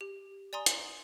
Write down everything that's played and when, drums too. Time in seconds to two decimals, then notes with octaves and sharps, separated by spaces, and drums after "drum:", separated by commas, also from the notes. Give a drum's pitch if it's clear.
0.01 G4
0.53 D5 G#5 A#5 C6 D#6
0.66 drum: hi-hat